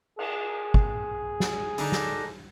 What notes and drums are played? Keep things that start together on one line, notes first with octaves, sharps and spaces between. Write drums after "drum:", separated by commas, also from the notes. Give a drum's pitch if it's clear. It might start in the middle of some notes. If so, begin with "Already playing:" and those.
G#4, drum: cymbal
drum: kick
drum: snare
D3 D4 D#4, drum: open hi-hat
drum: snare